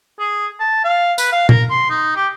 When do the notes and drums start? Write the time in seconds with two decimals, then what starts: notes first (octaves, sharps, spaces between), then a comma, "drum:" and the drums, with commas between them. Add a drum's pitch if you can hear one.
0.19 G#4
0.60 A5
0.84 F5
1.18 B4, drum: tambourine
1.32 F5
1.49 A#4, drum: tom A#2
1.70 C6
1.90 D#4
2.16 G4